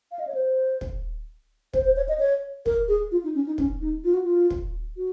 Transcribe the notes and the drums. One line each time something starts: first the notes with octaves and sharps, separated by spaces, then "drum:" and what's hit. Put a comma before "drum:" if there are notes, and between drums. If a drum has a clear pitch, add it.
F5
D#5
C#5
C5
drum: kick
C5, drum: kick
C5
C#5
D#5
C#5
A#4, drum: kick
G#4
F4
D#4
C#4
D#4
C#4, drum: kick
D#4
F4
F#4
F4
drum: kick
F#4